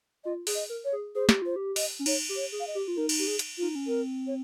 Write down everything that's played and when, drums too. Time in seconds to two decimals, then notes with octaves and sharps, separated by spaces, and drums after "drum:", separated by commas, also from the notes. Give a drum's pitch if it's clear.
0.24 F4 D#5
0.47 G#4, drum: open hi-hat
0.55 D#5
0.69 A#4
0.85 C#5
0.92 G#4
1.15 G#4 C5
1.29 G4, drum: snare
1.42 F4 C5
1.56 G4
1.76 D#5, drum: open hi-hat
1.99 C#4
2.06 D#4 C#5, drum: cymbal
2.29 G4
2.36 C#5
2.52 G#4
2.60 F5
2.67 D#5
2.75 G4
2.88 F4
2.97 D#4 A#4
3.09 drum: cymbal
3.19 G4
3.27 G#4
3.39 drum: hi-hat
3.58 D#4 F4
3.75 C#4
3.87 C4 A#4
4.27 C#5